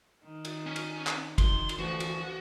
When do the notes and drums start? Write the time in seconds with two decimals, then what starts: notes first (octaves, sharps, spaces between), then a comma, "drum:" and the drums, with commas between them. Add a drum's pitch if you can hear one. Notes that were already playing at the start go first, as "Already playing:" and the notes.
0.24 D#3
0.45 drum: cymbal
0.66 C#4
0.76 drum: cymbal
1.07 drum: clap
1.38 F1 D#3 C6, drum: kick, cymbal
1.69 drum: cymbal
1.79 D2 E3 F3 F#4
2.00 drum: cymbal